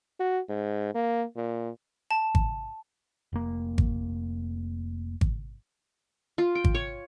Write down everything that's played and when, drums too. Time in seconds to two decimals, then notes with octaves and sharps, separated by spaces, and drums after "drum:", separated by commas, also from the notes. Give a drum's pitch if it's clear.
0.20 F#4
0.49 G#2
0.95 A#3
1.37 A#2
2.11 A5
2.35 drum: kick G#1
3.33 F1 A#3
3.78 drum: kick G#1
5.21 drum: kick G#1
6.38 F4
6.55 G5
6.64 drum: kick G#1
6.75 C#5